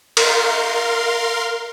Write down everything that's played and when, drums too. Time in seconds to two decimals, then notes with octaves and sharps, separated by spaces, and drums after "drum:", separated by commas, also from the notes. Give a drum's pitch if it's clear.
0.17 A#4 F5 C6, drum: cymbal